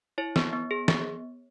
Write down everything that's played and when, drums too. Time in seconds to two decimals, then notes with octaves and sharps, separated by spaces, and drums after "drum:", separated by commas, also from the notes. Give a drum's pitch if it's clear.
0.18 E4 C#5
0.36 B3, drum: snare
0.53 B3
0.71 G#4
0.88 B3, drum: snare